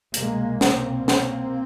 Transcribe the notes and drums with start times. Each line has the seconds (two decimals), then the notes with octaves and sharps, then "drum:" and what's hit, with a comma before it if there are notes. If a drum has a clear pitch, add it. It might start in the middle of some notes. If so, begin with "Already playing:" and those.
0.14 C2 B2 G#3 A#3, drum: hi-hat
0.61 A#3 C4, drum: snare
1.08 A#3 C4, drum: snare